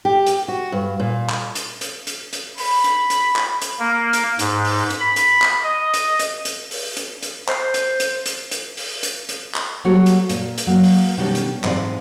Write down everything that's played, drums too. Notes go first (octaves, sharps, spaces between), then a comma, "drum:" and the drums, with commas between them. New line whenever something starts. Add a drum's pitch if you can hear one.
G4
drum: hi-hat
F#4
G2
A#2
drum: clap
drum: hi-hat
drum: hi-hat
drum: hi-hat
drum: hi-hat
B5, drum: open hi-hat
drum: hi-hat
drum: hi-hat
drum: clap
drum: hi-hat
A#3
drum: hi-hat
G#2, drum: hi-hat
drum: open hi-hat
drum: hi-hat
B5
drum: hi-hat
drum: clap
D#5
drum: hi-hat
drum: hi-hat
drum: hi-hat
drum: open hi-hat
drum: hi-hat
drum: hi-hat
C5, drum: clap
drum: hi-hat
drum: hi-hat
drum: hi-hat
drum: hi-hat
drum: open hi-hat
drum: hi-hat
drum: hi-hat
drum: clap
F#3 G3 A#3 F#4 A4 C#5
drum: hi-hat
A#2, drum: hi-hat
drum: hi-hat
F#3 A#3 A#4 F5
drum: open hi-hat
B2 D#3 G3 C#4 D4
drum: hi-hat
G#2 E3 G#3 C4 D5 F5, drum: clap